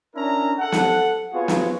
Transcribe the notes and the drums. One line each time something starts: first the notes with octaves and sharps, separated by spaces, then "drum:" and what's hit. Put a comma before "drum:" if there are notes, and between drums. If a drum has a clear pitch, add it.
C#4 D4 E4 A#4 A#5
A4 F#5
drum: snare
B3 F4 F#4 G#4 C#5
drum: snare